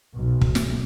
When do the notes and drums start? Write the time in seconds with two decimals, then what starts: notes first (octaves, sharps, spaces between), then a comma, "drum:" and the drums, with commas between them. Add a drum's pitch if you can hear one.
0.14 B1
0.41 drum: kick
0.55 drum: snare